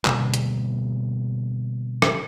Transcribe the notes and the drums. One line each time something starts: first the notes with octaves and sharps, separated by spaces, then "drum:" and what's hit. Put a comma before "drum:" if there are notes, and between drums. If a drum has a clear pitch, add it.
B2 D3 G3 A#3, drum: clap
drum: hi-hat
drum: rim click